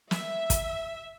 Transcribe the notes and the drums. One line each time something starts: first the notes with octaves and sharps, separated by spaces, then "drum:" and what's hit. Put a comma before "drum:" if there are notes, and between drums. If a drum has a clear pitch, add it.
E5, drum: snare
drum: kick, hi-hat